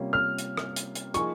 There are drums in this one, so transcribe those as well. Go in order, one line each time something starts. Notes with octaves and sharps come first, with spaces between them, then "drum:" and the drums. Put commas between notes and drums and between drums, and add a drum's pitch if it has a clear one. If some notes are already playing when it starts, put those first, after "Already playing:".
Already playing: C3 G3 A#3 C#4 F4
F6
drum: hi-hat
drum: rim click
drum: hi-hat
drum: hi-hat
F3 A#3 D#4 G#4 C#6, drum: hi-hat